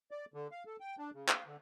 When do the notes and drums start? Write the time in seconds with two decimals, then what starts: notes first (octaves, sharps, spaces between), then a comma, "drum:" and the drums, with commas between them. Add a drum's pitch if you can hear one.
0.11 D5
0.34 D3
0.51 F5
0.66 A4
0.80 G5
0.98 D4
1.14 C#3
1.29 F5, drum: clap
1.46 D3